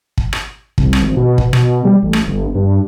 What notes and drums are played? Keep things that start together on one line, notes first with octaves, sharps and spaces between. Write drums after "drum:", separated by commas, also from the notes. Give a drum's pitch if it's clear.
drum: kick
drum: rim click
C2, drum: kick
drum: rim click
G#1
B2
drum: kick
B2, drum: rim click
G3
A1
drum: rim click
G1
G2